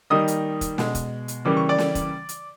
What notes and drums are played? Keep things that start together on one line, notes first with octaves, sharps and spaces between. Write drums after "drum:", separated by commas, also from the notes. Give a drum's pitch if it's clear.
D#3 G3 A#3 D#5 D#6
drum: hi-hat
drum: kick, hi-hat
B2 G#3, drum: snare
drum: kick, hi-hat
drum: hi-hat
C#3 E3 G3 A#3 D6
C#6
D5 D6
drum: snare
drum: kick, hi-hat
drum: hi-hat